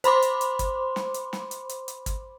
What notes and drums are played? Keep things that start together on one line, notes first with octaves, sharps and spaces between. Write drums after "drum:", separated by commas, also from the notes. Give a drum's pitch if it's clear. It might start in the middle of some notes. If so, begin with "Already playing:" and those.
C5 B5 C6 D6, drum: hi-hat
drum: hi-hat
drum: hi-hat
drum: kick, hi-hat
drum: snare
drum: hi-hat
drum: snare
drum: hi-hat
drum: hi-hat
drum: hi-hat
drum: kick, hi-hat